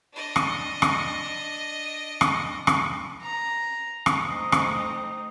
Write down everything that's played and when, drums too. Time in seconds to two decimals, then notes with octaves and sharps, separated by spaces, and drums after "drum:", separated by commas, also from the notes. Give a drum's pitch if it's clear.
0.13 D4 D#5
0.36 drum: rim click
0.82 drum: rim click
2.21 drum: rim click
2.67 drum: rim click
3.22 A#5
4.06 drum: rim click
4.28 A3 C4 D#4 D#6 C7
4.52 drum: rim click